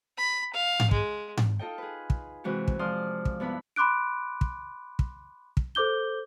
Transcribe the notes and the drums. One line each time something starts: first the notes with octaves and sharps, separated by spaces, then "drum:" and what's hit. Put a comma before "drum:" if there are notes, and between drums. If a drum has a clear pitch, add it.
B5
F5
drum: tom G#2
G#3, drum: kick
drum: tom G#2
D#4 F4 A4 D#5 G5
G#4 B4
drum: kick
C3 E3 G#3 F#4 G4
drum: kick
F3 G#3 D5 C6 D#6 F6
drum: kick
G2 B3 E4 B5
B5 C6 D6 F#6 D7
drum: kick
drum: kick
drum: kick
A4 C5 D6 G6 G7